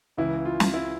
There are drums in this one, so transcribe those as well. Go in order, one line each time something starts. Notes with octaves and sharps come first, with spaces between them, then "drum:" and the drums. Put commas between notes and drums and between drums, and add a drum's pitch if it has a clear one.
C#2 C#3 E3 E4
F4
drum: snare
E4